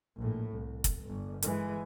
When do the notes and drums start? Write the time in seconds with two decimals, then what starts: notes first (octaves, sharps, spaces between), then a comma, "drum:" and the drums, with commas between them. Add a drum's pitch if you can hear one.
0.17 A#1 A2
0.51 C2
0.84 drum: kick, hi-hat
1.02 G1
1.42 E3 G#3, drum: hi-hat